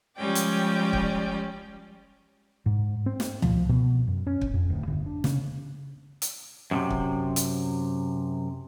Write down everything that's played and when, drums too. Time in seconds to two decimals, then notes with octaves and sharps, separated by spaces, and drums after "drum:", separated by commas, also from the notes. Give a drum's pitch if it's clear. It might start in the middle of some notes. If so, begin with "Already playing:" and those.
0.17 F3 G3 G#3 C#4 D5 G5
0.35 drum: hi-hat
0.93 drum: kick
2.66 G#2
3.06 C4
3.20 drum: snare
3.42 F3, drum: tom C#2
3.69 B2
4.07 F#2
4.27 C#4
4.41 drum: kick
4.54 F2
4.70 D1
4.87 G1
5.06 D4
5.24 C#3, drum: snare
6.22 drum: hi-hat
6.71 F#2 A2 C3
6.90 drum: kick
7.36 drum: hi-hat